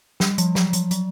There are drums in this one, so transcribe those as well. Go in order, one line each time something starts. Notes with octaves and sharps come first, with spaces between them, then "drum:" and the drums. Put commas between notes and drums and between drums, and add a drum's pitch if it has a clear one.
G3, drum: snare
F3, drum: hi-hat
F#3, drum: snare
F3, drum: hi-hat
F#3, drum: hi-hat